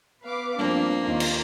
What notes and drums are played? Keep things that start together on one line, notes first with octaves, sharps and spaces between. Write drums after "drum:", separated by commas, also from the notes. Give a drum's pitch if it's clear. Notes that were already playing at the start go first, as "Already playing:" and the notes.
B3 B4 F5 D6
G2 F3 A#3 C4 D4
D#2 D#3 D#4 F4
drum: cymbal